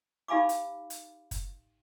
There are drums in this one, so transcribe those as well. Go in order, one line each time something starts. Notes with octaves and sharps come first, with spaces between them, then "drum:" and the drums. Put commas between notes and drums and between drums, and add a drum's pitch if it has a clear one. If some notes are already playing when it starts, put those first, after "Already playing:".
D#4 G4 F5 G#5 B5 D6
drum: hi-hat
drum: hi-hat
drum: kick F#1, hi-hat